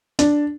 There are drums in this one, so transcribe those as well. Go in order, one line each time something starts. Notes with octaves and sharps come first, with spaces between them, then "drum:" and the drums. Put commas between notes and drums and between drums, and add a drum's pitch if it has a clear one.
D4, drum: hi-hat